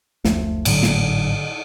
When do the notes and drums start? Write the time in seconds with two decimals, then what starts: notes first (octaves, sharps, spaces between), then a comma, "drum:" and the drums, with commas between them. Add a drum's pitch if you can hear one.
0.25 F#1 D2 F3 A3, drum: snare
0.65 G#1 A2 D3 F#3, drum: cymbal
0.83 drum: snare